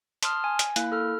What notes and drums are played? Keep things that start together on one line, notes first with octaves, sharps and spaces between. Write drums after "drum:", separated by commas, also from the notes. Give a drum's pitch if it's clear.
A5 C6 D#6 F6, drum: hi-hat
G#5
drum: hi-hat
A#3 E4 F#6, drum: hi-hat
A4 F6